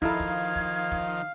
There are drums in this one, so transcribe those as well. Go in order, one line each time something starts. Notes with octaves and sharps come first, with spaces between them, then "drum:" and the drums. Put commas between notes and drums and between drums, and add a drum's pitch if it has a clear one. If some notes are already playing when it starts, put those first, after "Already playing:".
D#3 F3 D#4 E4 A4 F5 G#6, drum: kick
drum: kick
drum: kick
drum: kick